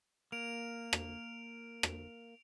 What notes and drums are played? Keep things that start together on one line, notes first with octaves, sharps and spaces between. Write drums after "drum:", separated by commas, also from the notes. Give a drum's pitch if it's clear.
A#3 D7 F7
drum: rim click
drum: rim click